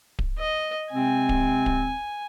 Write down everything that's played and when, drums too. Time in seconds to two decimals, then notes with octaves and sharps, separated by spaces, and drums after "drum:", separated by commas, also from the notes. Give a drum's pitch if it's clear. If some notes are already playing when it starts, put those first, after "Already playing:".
0.19 drum: kick D1
0.39 D#5
0.92 C3 G#3 C4 G#5
1.29 drum: kick D1
1.66 drum: kick D1